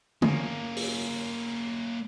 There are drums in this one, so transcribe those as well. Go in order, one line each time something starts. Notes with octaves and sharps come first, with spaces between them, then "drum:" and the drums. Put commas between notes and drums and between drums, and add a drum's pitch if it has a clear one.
A#3 C#4, drum: tom D3
drum: open hi-hat